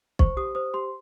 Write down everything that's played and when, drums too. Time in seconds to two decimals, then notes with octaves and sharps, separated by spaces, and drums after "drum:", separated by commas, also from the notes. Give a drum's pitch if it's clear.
0.19 C5 C#6, drum: kick
0.37 G4 D#6
0.55 C5 D#6
0.73 G4 C6